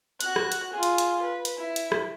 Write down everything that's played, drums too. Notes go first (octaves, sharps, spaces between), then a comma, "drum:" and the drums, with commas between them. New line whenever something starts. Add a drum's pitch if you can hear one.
F#4 F#6, drum: hi-hat
drum: rim click
drum: hi-hat
F4 G#4
drum: hi-hat
drum: hi-hat
B4
drum: hi-hat
E4
drum: hi-hat
drum: rim click